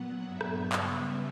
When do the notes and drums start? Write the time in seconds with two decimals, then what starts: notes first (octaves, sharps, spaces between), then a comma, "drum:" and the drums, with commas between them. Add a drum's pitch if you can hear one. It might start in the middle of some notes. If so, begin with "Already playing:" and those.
Already playing: A#2 F#3 B3 F#5
0.26 G2 F#3 B3 E5
0.41 drum: rim click
0.72 C#3 G3 B3, drum: clap